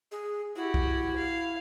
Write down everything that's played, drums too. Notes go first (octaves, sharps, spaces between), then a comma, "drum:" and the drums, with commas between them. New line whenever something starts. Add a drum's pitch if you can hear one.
G#4
E4 F#4 G4
drum: kick B1
F5